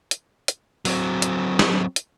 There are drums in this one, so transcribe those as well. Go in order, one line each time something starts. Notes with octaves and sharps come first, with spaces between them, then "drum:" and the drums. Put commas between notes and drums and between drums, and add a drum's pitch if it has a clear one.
drum: hi-hat
drum: hi-hat
F#3 C4, drum: open hi-hat
drum: hi-hat
drum: snare
drum: hi-hat